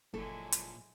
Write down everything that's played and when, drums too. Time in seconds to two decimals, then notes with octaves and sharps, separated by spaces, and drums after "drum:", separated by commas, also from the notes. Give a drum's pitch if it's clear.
0.14 F#1 A#2 F3 F#3 G#3 E4 A4 C#5
0.52 drum: hi-hat